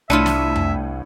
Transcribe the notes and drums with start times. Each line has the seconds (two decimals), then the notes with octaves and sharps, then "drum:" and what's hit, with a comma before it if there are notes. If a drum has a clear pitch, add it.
0.10 C2 A2 D4 E4 F4 E5 C#7 D#7
0.26 drum: snare
0.56 drum: tom F2